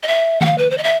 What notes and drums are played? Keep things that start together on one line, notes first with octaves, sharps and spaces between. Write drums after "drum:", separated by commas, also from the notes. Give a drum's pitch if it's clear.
D#5
E5
F#5, drum: tom D#3
F5
B4
C5
D#5
E5